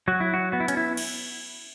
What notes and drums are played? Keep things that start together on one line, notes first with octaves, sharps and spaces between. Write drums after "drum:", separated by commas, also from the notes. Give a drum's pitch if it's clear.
F#3 F#4
E4
F#4
B3 F#4
E4
C#4, drum: hi-hat
E4
drum: cymbal